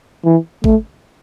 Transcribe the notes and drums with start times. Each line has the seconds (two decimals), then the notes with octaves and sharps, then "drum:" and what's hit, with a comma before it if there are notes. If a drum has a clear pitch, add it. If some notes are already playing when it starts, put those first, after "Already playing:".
0.25 E3
0.64 A3, drum: kick